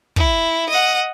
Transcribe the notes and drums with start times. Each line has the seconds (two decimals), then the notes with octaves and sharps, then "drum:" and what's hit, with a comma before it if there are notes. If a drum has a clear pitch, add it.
0.16 E4, drum: kick
0.69 D#5 F#5